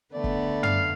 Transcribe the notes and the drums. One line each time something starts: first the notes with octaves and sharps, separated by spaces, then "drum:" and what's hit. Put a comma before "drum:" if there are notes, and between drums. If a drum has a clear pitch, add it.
D3 A3 B3 D5
drum: kick
F5, drum: tom